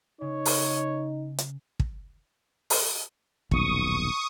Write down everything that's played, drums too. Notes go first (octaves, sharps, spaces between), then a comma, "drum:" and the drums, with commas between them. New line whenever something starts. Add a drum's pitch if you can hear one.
C#3 D#4 C#5
drum: open hi-hat
drum: hi-hat
drum: kick
drum: open hi-hat
D#1 B1 C#6 D#6, drum: kick